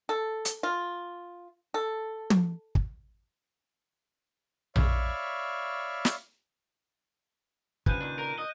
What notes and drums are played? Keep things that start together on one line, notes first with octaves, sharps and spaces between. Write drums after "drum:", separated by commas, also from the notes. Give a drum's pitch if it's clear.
A4
drum: hi-hat
F4
A4
drum: tom
drum: kick
C#5 D5 E5 F5 B5 C#6, drum: tom A#1
drum: snare
G2 C#3 F3 B4 G#5 F#6 G6 D#7, drum: kick
A#2 D#3 D4
A#4
D#5